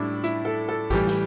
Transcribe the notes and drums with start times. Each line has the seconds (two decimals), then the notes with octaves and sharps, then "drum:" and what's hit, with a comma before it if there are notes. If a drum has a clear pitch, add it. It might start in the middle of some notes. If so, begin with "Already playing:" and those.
Already playing: A2 G3 D4 E4
0.24 E4, drum: hi-hat
0.45 A4
0.69 A4
0.90 A2 E3 G3 G4, drum: kick A1, hi-hat
1.07 drum: snare